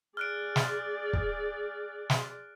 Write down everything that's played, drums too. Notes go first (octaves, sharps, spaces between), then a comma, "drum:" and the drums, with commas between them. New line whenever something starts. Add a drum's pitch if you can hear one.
G#4 D5 F6 F#6 D7
drum: snare
drum: kick
drum: snare